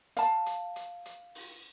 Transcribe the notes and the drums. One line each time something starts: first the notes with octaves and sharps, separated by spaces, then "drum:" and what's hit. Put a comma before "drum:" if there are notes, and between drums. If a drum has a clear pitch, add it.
F5 A5, drum: hi-hat
drum: hi-hat
drum: hi-hat
drum: hi-hat
drum: open hi-hat